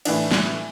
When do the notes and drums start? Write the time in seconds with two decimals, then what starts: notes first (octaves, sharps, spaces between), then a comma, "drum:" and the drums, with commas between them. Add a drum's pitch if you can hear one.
0.05 A2 E3 D4, drum: cymbal
0.31 drum: snare